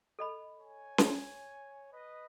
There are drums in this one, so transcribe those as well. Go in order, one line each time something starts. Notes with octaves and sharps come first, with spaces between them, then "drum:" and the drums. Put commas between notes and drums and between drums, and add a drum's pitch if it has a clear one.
A4 D#5 B5
C#5 G#5
drum: snare C#4
B4 D#5